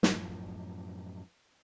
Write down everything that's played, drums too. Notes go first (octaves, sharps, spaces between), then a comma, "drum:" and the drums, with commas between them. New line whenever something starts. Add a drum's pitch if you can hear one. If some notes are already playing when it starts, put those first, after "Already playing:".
F#2 A2 F3, drum: snare